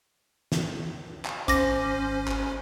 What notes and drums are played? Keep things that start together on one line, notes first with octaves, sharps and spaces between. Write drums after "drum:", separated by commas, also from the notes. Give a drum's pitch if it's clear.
drum: snare
drum: clap
G#1 C#4 C5 D6 A#6, drum: hi-hat
drum: clap